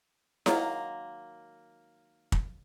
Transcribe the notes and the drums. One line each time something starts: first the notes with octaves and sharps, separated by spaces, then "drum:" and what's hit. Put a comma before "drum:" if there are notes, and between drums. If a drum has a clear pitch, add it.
D#3 F#3 G#3 A#3, drum: snare E4
drum: kick